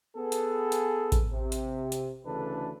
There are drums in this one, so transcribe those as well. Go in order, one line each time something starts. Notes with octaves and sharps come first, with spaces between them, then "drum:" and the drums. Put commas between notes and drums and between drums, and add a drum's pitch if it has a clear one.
B3 G#4 A4
drum: hi-hat
drum: hi-hat
drum: kick A1, hi-hat
C3
drum: hi-hat
drum: hi-hat
D2 C#3 E3 D4 A4 B4